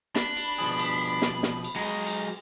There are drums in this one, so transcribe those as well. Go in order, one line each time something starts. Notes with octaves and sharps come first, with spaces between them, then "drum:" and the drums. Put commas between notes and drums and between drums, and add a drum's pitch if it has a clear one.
D4 B5, drum: snare
drum: cymbal
B2 F3 G#4
drum: cymbal
drum: snare
drum: snare
drum: cymbal
F#3 G#3 D#5
drum: cymbal